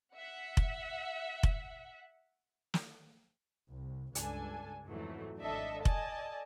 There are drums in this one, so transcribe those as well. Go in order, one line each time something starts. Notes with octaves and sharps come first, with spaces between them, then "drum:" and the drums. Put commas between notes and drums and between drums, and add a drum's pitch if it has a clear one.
E5 F#5
drum: kick F1
drum: kick F1
drum: snare
C2
C#2 G2 D4 A4 G#5, drum: hi-hat
F2 G#2 E3 F#3 A3
G#1 D4 A4 D#5 E5
A4 D5 D#5 G#5 A5, drum: kick F1